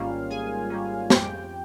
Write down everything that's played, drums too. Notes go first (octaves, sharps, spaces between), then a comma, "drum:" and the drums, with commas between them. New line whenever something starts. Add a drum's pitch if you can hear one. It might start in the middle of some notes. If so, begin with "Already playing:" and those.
Already playing: G#1 G#2 G3 A#3 C#4 F4 F5
G#1 G#4 G#5
G#2 G3 A#3 C#4
F2 G4 G5, drum: snare